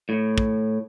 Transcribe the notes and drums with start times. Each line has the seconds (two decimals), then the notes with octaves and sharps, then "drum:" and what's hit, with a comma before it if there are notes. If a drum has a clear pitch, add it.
0.09 A2
0.38 drum: kick